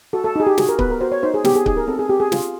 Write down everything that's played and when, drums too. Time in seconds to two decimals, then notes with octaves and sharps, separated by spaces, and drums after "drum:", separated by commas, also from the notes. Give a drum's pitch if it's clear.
0.13 F#4 A4
0.24 A4
0.36 D#4 G#4
0.47 G4
0.58 F#4 G#4, drum: snare
0.69 A#4
0.79 B3 B4, drum: kick C#1
0.90 A#4
1.01 F#4 C5
1.12 C#5
1.23 D#4 C5
1.34 G#4
1.44 B3 G4, drum: snare
1.55 G#4
1.66 D#4 G#4, drum: kick C#1
1.77 A#4
1.88 C4 A4
1.99 G#4
2.09 C4 G4
2.20 G#4
2.32 F4, drum: snare